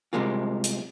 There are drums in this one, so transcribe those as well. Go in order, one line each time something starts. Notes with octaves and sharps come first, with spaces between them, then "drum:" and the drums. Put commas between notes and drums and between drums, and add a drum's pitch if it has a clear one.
C2 C3 G3 G#3 A#3 F4
drum: hi-hat